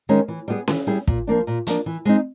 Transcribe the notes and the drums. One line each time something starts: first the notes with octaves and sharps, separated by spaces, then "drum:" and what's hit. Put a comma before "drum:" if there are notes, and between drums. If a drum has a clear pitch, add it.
D#3 G#3 C#4
E3
G3 B3 E4 G#4
E3, drum: snare C#4
G3 B3 E4 G#4
A#2, drum: kick
F3 A#3 D4
A#2
F3 A#3 D4, drum: hi-hat
E3
G#3 C4 D#4